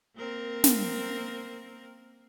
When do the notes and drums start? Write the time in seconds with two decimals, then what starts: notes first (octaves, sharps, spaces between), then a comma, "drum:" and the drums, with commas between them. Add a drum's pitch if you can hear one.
0.16 A#3 C4 A#4
0.64 drum: snare